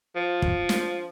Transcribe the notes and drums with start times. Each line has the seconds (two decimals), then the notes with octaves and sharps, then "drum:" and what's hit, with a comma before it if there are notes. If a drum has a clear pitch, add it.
0.16 F3
0.42 drum: kick
0.69 drum: snare